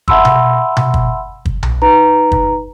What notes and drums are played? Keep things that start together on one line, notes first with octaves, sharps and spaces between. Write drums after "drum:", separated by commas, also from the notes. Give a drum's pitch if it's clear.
E5 F#5 A5 B5 C6 E6, drum: kick
drum: tom B2
drum: tom B2
drum: kick
drum: kick
drum: tom B1
D#4 B4 A#5
drum: kick